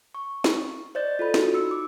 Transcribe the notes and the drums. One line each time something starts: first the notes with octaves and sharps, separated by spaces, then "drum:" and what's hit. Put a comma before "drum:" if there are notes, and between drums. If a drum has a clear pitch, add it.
C#6
drum: snare
C5 D5 D#5 G6 A6
F4 A4 B5
F#4, drum: snare
D#4 E6 C#7
D6